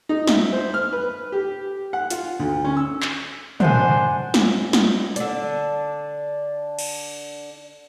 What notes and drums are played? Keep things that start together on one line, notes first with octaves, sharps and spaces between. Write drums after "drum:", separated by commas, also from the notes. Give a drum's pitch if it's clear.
D#4
E5, drum: snare
C5
F6
B4
G4
F#5
F4, drum: hi-hat
D2
C#4
E6
drum: clap
D4 C5 F#5 G#5, drum: tom
drum: snare
drum: snare
D3 D4, drum: hi-hat
drum: cymbal